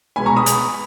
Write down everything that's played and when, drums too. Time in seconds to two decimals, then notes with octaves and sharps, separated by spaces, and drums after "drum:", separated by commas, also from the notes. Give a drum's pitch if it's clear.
0.16 B2 G#3 B3 G#5 B5
0.26 A#5 C#6
0.37 B5 D#6
0.46 drum: hi-hat